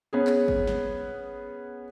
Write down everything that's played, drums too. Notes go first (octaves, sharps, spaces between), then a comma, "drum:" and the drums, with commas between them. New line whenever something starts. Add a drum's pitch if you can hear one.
B3 C#4 G#4
drum: clap
drum: kick
drum: snare